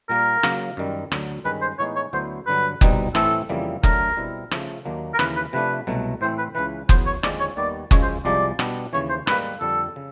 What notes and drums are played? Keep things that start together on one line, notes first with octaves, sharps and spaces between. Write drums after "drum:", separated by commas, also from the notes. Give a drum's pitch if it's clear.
A#2 G3 A#3 A#4
C#3 F#3 A#3, drum: rim click
F#2 D#3 G3
D2 D3 F#3, drum: rim click
G2 D#3 G#3 C#4 B4
C5
A2 E3 G#3 B3 D#4 C#5
C#5
D2 D3 F#3 B3 E4 C5
G2 D3 F#3 B4
C2 B2 G3 C4 D#4, drum: kick F#1
A2 E3 A3 C4 A4, drum: rim click
F2 C#3 E3 G3 A#3
D2 D3 F#3 A3 A#4, drum: kick F#1
B2 G3 C4 E4
C#3 F3 A3, drum: rim click
D#2 D#3 F#3 A#3 D4
A#4
D#2 C#3 E3 B4, drum: rim click
B4
C3 F3 A3 D4 B4
C2 B2 F#3 A3
A2 E3 A3 C4 C5
B4
C#2 C#3 E3 B4
E2 C#3 F#3 B3 C5, drum: kick F#1
C#5
D#2 D3 F3 G#3 C4 D5, drum: rim click
C#5
D#2 D#3 G3 B3 D5
F#2 C#3 F3 G#3 C#5, drum: kick F#1
C5
C2 C3 F3 G#3 D5
B2 G3 B3 D4, drum: rim click
D#2 C#3 E3 C#5
C5
G#2 D#3 G3 A#3 B4, drum: rim click
F2 D3 G3 A4
C#3